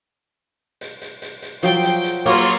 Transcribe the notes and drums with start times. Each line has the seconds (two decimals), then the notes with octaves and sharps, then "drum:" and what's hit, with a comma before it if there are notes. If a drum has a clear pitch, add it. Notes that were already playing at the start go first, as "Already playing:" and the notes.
0.81 drum: hi-hat
1.02 drum: hi-hat
1.22 drum: hi-hat
1.42 drum: hi-hat
1.63 F3 F#3 C5 G5, drum: hi-hat
1.83 drum: hi-hat
2.04 drum: hi-hat
2.25 F#3 A#3 F4 C#5 C#6, drum: open hi-hat